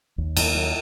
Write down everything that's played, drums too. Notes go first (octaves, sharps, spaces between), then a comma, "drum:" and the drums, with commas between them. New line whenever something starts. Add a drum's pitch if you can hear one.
D#2
D#2, drum: cymbal
F#3